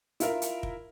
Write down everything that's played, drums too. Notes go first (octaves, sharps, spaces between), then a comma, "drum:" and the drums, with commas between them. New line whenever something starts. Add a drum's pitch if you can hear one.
E4 F4 A#4 E5, drum: hi-hat
drum: hi-hat
drum: kick